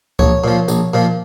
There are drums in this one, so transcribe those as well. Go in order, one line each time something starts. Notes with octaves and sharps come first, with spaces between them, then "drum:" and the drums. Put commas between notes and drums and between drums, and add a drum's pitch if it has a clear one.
A#1 C#5, drum: kick C#2
A#2 F3
A#1, drum: tambourine
A#2 F3